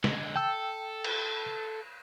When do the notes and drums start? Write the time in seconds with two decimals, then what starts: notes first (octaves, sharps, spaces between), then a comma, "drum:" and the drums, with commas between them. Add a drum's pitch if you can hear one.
0.04 D3 G#3, drum: snare
0.36 A4 G5 E6
1.04 drum: cymbal